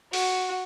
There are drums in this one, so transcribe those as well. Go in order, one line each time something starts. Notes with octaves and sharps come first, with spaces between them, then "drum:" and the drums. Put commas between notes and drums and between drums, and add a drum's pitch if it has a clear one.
F#4, drum: open hi-hat